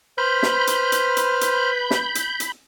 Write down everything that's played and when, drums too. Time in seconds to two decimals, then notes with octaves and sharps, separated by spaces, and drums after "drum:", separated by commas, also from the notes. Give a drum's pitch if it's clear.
0.18 B4 C5 B5 F6 G6
0.43 drum: snare
0.67 drum: hi-hat
0.92 drum: hi-hat
1.17 drum: hi-hat
1.41 drum: hi-hat
1.91 drum: snare
2.15 drum: hi-hat
2.40 drum: hi-hat